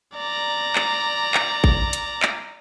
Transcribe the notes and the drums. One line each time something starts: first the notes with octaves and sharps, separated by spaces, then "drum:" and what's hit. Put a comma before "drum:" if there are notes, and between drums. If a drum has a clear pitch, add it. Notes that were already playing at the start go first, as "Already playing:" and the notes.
D5 A#5
drum: clap
drum: clap
drum: kick G#1
drum: hi-hat
drum: clap